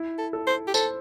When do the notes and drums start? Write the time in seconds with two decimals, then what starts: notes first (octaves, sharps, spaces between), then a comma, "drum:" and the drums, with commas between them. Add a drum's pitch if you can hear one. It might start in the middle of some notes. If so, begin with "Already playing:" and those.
Already playing: E4
0.18 A4
0.33 A4
0.47 C5
0.67 G4
0.74 A4 C5, drum: tambourine